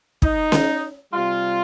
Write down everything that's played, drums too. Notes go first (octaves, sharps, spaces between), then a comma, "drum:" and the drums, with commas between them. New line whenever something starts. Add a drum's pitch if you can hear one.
D#4, drum: kick
drum: snare C#4
C3 G3 F4